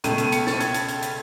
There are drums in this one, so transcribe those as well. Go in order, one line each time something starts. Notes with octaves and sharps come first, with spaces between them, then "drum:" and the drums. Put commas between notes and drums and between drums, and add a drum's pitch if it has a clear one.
C#2 B2 A3 D#7, drum: hi-hat
D#7, drum: hi-hat
C#7, drum: hi-hat
A6, drum: snare
G#6, drum: hi-hat
drum: hi-hat
drum: hi-hat
drum: hi-hat